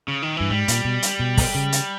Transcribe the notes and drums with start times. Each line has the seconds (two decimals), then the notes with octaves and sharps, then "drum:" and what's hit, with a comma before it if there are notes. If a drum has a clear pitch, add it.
0.08 C#3
0.22 D#3
0.37 G2 E3
0.50 G#2 G3
0.68 A#2, drum: hi-hat
0.85 B2
1.02 drum: hi-hat
1.19 B2
1.37 drum: kick, open hi-hat
1.55 C#3
1.72 drum: hi-hat